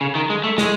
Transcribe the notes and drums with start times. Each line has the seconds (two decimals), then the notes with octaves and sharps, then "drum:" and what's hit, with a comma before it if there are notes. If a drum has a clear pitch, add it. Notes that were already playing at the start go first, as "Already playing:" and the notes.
0.01 C#3
0.15 D#3
0.30 G#3
0.44 A3
0.58 G#3, drum: snare